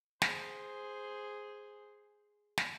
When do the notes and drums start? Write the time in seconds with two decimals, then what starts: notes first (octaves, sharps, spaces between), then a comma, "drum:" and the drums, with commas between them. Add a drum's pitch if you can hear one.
0.22 G#4 C5, drum: snare
2.58 drum: snare